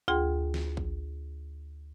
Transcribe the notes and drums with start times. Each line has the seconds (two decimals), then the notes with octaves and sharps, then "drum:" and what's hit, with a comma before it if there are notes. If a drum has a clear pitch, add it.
0.08 D2 F4 G#4 G5 C6
0.54 drum: snare
0.77 drum: kick